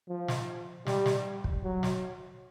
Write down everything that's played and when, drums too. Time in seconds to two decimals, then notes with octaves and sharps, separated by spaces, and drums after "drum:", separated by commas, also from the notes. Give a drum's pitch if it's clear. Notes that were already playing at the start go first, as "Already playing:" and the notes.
0.08 F3
0.28 drum: snare
0.87 G3, drum: snare
1.06 drum: snare
1.44 drum: kick
1.64 F#3
1.83 drum: snare